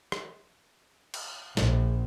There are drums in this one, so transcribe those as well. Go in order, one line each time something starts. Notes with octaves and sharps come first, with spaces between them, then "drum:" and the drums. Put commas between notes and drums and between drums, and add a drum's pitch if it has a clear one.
drum: rim click
drum: cymbal
A#1, drum: snare